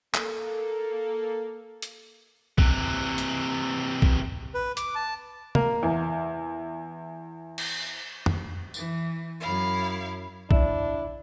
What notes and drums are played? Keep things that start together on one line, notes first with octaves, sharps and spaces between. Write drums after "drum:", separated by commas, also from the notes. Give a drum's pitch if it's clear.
A#3 A4, drum: clap
drum: hi-hat
C3 E3, drum: kick
drum: hi-hat
drum: kick
B4
D6, drum: hi-hat
A5
A#3, drum: tom
E2
drum: cymbal
drum: tom
E3, drum: tambourine
F#2 E4 F5
D4 E4, drum: kick